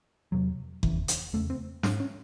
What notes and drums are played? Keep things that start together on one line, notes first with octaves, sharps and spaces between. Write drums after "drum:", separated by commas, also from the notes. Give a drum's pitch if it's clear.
E2 C3 F#3
E2 C#3 E3, drum: kick F#1
drum: hi-hat
E2 C#3 A3
C4
G#2 D4, drum: snare
C#4